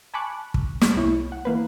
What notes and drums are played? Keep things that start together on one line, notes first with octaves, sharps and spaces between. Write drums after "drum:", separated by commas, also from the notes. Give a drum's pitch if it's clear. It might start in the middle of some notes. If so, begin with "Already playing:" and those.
G#5 A5 B5 C#6 D6 F#6
drum: kick
drum: snare
C2 E4 C#5
F#5
E3 A#3 B4